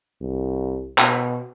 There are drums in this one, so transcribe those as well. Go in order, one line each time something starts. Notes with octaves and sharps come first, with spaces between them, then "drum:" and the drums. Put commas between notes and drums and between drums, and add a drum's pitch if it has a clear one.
C2
B2, drum: clap